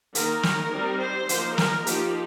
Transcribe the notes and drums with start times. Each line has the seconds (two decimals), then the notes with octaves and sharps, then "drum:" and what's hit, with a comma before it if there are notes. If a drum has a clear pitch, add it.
0.15 D#3 A#3 D#4 A#4, drum: hi-hat
0.43 drum: snare
0.72 G3 C4 D#4
1.01 C5
1.29 F3 A#3 D#4, drum: hi-hat
1.58 A#4, drum: snare
1.87 F3 A#3 D#4 G4, drum: hi-hat